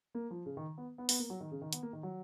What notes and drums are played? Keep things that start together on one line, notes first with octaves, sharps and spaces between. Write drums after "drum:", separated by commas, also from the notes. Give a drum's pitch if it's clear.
A#3
F3
C#3
D#3
B3
B3
B3, drum: open hi-hat
A#3
F#3
D#3
C#3
D#3
B3, drum: hi-hat
A#3
D#3
F#3